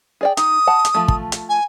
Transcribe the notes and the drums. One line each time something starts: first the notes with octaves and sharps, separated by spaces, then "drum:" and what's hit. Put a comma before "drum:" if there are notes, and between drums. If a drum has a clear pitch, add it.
G#4 D5 G5
D#4 D#6, drum: hi-hat
F#5 A5
drum: hi-hat
F3 A3
drum: kick
drum: hi-hat
G#5